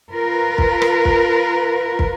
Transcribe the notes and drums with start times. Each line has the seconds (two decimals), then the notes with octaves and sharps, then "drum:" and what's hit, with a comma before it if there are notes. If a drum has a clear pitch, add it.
0.11 F4 A#4 B4
0.58 drum: kick
0.82 drum: rim click
1.05 drum: kick
1.99 drum: kick